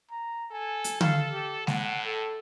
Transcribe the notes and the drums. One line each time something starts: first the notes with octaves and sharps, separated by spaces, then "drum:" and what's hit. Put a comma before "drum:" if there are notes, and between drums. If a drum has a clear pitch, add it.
A#5
A4 G#5
drum: hi-hat
F5, drum: tom D3
G4
A2 F#5, drum: snare G#3
A4